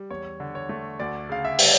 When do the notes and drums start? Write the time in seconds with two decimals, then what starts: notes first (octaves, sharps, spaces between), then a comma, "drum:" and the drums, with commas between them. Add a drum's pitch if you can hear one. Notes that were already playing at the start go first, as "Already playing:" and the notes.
Already playing: G3
0.10 E2 C#5
0.40 D3
0.55 C#5
0.69 A3
1.00 D2 D5
1.29 C#3 F5
1.44 E5
1.59 G3, drum: open hi-hat